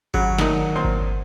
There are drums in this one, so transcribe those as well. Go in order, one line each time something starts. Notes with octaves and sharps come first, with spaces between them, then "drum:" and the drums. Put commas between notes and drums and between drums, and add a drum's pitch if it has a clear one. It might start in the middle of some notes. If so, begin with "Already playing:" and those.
C#3 F#3, drum: kick G#1
D2 A2 D#3 D#4 A#4, drum: snare
A#2 C4 C6
drum: kick G#1